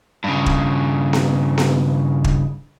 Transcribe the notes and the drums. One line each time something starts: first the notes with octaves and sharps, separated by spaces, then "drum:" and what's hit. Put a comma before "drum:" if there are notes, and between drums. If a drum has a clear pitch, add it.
G2 C#3
drum: kick
drum: snare B3
drum: snare B3
drum: kick